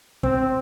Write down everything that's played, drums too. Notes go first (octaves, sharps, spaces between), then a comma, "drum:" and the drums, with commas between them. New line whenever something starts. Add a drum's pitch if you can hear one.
C4, drum: kick